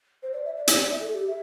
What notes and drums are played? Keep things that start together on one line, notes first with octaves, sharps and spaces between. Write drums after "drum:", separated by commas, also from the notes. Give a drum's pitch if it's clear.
C5
D5
E5
D5
D5, drum: hi-hat
D5
E5
A4
G4
E5